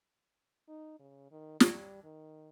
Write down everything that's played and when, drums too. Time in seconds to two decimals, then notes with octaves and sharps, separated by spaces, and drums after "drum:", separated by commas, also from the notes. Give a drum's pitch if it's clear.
0.68 D#4
0.99 C#3
1.31 D#3
1.60 G3, drum: snare
2.04 D#3